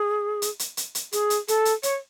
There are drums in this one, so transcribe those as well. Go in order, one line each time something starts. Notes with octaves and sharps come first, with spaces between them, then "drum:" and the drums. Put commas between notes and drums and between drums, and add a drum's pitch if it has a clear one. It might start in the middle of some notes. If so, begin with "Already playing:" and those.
Already playing: G#4
drum: hi-hat
drum: hi-hat
drum: hi-hat
drum: hi-hat
G#4, drum: hi-hat
drum: hi-hat
A4, drum: hi-hat
drum: hi-hat
C#5, drum: hi-hat